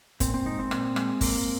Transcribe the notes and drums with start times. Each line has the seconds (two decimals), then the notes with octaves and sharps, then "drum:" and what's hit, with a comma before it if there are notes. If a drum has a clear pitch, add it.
0.20 A#2 C4, drum: kick F#1, hi-hat
0.34 C4
0.46 G#3 D#4
0.59 C4
0.71 A#2, drum: rim click
0.96 G#3, drum: rim click
1.21 A#3, drum: kick F#1, open hi-hat